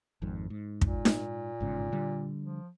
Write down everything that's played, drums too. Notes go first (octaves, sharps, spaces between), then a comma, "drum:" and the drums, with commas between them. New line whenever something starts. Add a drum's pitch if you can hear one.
G#1 F2 G#2
G#2
A#2, drum: kick
drum: snare D#4
G1 G#2 C#3
D3 G3
F3